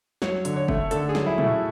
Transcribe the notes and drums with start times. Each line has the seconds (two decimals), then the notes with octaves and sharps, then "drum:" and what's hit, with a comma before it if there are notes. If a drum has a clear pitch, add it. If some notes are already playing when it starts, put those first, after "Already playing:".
0.22 F#3 C#5, drum: snare
0.45 D3, drum: hi-hat
0.56 C#5
0.68 A3, drum: kick
0.91 D3 A4, drum: hi-hat
1.09 G#4
1.15 F#3, drum: snare
1.26 E4
1.38 A3, drum: tom
1.44 F#4